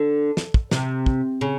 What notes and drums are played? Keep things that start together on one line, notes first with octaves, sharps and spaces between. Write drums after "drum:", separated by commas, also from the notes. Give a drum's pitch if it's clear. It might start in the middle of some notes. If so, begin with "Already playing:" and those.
Already playing: D3
drum: snare
drum: kick
C3, drum: snare
drum: kick
C#3